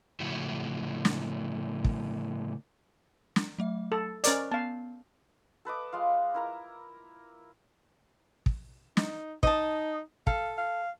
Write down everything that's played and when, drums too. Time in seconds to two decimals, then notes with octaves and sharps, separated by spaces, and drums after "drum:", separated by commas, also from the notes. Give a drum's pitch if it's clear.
0.20 A2 C#3 F3 E4 F#4
1.05 drum: snare
1.84 drum: kick
3.36 drum: snare
3.58 F#3 A3 E5
3.92 A4
4.24 C#4 A#4 C5 D5 D#5 F#6, drum: hi-hat
4.52 B3 F5 A5
5.65 A4 B4 D#5 D6
5.93 G#3 F4 F5
6.34 E4 A#4 A#5
8.46 drum: kick
8.97 D#4, drum: snare
9.43 D#4 D#5 A5, drum: kick
10.27 A4 F5, drum: kick
10.58 F5